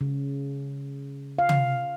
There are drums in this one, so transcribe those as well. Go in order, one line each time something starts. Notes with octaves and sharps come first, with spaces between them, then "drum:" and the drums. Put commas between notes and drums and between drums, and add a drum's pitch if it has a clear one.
C#3
F5
drum: tom